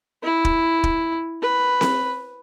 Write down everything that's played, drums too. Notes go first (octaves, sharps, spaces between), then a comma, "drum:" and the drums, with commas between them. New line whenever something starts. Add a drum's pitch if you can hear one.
E4
drum: kick
drum: kick
B4
drum: snare C4